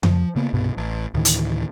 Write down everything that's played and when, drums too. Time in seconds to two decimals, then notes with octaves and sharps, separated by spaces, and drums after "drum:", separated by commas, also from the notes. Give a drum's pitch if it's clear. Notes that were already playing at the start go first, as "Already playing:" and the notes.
0.03 F3, drum: tom F2
0.36 C#3 A#3 B3
0.53 C2 G2 B2 B3
0.77 A1
1.14 D2 A2 D#3 E3
1.25 drum: hi-hat